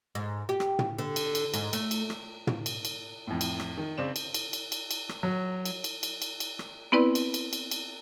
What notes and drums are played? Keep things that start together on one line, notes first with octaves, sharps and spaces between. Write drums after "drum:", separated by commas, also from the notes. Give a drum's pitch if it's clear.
G#2
G4
drum: rim click
drum: tom
D3
drum: cymbal
drum: cymbal
G#2, drum: cymbal
A3, drum: cymbal
drum: cymbal
drum: rim click
drum: tom
drum: cymbal
drum: cymbal
F2 A2
drum: cymbal
drum: rim click
D#3
C#3 C4 D5 E7
drum: cymbal
drum: cymbal
drum: cymbal
drum: cymbal
drum: cymbal
drum: rim click
F#3
drum: cymbal
drum: cymbal
drum: cymbal
drum: cymbal
drum: cymbal
drum: rim click
B3 C4 E4 B4 D5
drum: cymbal
drum: cymbal
drum: cymbal
drum: cymbal